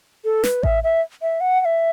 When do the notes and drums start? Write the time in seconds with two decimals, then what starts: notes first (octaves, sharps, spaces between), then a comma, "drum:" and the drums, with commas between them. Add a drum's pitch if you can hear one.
0.25 A4
0.44 B4, drum: snare
0.63 E5, drum: kick A1
0.84 E5
1.22 E5
1.41 F#5
1.61 F#5
1.65 E5